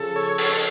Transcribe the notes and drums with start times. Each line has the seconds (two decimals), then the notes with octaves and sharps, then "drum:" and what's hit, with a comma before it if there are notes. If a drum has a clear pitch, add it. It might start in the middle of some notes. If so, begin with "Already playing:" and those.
Already playing: C#3 F3 A4
0.16 C#5
0.38 A4, drum: open hi-hat